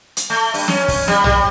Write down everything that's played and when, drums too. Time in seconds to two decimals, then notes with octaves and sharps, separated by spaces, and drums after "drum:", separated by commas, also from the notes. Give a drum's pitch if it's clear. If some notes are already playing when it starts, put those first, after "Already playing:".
0.17 drum: hi-hat
0.30 A3
0.54 G2, drum: open hi-hat
0.68 C#4, drum: snare
0.88 drum: kick, open hi-hat
1.08 G3, drum: snare
1.24 G3, drum: tom